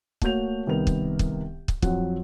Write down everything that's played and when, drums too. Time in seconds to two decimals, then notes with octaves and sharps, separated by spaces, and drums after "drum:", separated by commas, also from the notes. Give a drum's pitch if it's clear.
0.22 A3 A#3 F#4 C#5 G6 F7, drum: kick
0.67 C2 D#3 B3 A#4 F7
0.87 drum: kick
1.19 drum: kick
1.68 drum: kick
1.82 F2 F#3 F#5, drum: kick